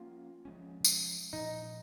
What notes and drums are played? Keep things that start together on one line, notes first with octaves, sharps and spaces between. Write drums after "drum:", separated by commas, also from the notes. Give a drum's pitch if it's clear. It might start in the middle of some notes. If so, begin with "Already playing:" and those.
Already playing: F3 A#3 C#4 F4
F3 G#3 C#4
drum: tambourine
A#2 F3 G#3 D#4